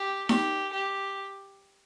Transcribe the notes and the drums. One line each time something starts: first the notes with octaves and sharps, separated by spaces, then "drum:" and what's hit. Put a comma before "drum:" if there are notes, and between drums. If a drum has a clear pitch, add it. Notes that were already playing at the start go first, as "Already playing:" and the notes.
Already playing: G4
G4, drum: snare D#4
G4